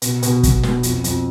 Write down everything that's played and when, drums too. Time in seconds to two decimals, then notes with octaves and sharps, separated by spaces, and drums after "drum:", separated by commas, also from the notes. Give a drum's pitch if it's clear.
0.02 B2, drum: hi-hat
0.22 B2, drum: hi-hat
0.43 B2, drum: kick, hi-hat
0.63 B2, drum: snare
0.83 F2, drum: hi-hat
1.04 F2, drum: hi-hat